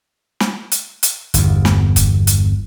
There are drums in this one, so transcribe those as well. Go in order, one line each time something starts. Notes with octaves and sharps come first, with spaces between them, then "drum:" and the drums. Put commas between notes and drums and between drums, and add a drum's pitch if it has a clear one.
drum: snare
drum: hi-hat
drum: hi-hat
G1 E2, drum: hi-hat
drum: snare
drum: kick F1, hi-hat
drum: hi-hat